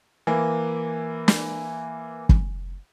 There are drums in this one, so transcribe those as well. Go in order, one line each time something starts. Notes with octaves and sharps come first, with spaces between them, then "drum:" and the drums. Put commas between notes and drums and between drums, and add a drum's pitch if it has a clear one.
E3 A#3
drum: snare
drum: kick